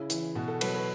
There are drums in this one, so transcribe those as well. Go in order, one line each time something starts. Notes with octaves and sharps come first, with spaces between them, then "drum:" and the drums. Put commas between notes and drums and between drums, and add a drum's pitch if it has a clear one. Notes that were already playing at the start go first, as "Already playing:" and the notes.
Already playing: C#3 E4
E3, drum: hi-hat
B2 F#4
A4
F#3 B4, drum: cymbal
B4